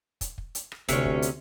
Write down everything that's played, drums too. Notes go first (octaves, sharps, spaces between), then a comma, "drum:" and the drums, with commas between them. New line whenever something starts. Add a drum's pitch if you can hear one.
drum: kick, hi-hat
drum: kick
drum: hi-hat
drum: rim click
D2 C3 C#4, drum: kick, hi-hat
drum: kick
drum: hi-hat